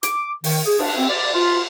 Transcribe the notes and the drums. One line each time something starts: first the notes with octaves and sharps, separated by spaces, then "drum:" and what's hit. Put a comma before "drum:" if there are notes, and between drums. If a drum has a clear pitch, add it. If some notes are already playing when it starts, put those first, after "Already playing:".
D6, drum: hi-hat
D#3, drum: open hi-hat
G#4
D4, drum: cymbal
C4
D5
F4